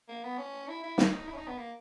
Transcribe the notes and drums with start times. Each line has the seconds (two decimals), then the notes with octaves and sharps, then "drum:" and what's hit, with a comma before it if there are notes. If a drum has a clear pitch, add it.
0.09 A#3
0.24 B3
0.38 C#4
0.68 E4
0.83 E4
0.98 D#4, drum: snare
1.27 E4
1.33 C#4
1.37 D#4
1.48 B3
1.58 A#3